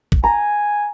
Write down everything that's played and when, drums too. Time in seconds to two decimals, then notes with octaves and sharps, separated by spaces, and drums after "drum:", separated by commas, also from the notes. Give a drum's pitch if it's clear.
0.12 drum: kick
0.24 G#5 A#5